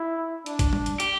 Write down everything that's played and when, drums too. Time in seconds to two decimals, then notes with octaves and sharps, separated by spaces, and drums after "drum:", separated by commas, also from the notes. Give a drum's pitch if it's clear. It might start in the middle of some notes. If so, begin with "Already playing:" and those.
Already playing: E4
0.46 D4, drum: hi-hat
0.59 drum: kick, hi-hat
0.73 drum: tom G3
0.86 drum: hi-hat
1.00 G4, drum: hi-hat